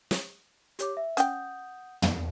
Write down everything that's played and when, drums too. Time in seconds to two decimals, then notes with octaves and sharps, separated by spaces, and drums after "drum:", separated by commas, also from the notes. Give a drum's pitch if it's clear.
0.11 drum: snare
0.79 G4 C#5 D6, drum: hi-hat
0.97 E5
1.17 C#4 F#5 G5 D#6 G6, drum: hi-hat
2.02 drum: tom